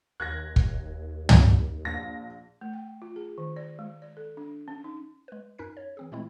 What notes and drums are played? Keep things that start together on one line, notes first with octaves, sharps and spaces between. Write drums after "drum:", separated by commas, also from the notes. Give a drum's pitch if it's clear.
D#2 F#6 G#6 A#6
drum: kick
drum: tom
A#1 A#6
A3
G5
F4
G#4
D#3
D5
G#3
D5
A4
D4
C#4
D#4
G#3 B4
F#2 C#4 D#4 A#4 F#6 B6
C#5
E3 C4 G#4
A#2 E3 G#3 A3 C4 E4